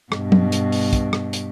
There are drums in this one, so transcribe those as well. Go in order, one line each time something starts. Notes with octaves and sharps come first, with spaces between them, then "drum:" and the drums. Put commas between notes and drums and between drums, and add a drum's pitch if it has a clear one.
G2 B2, drum: rim click
drum: tom
drum: hi-hat
drum: open hi-hat
drum: kick, hi-hat
drum: rim click
drum: hi-hat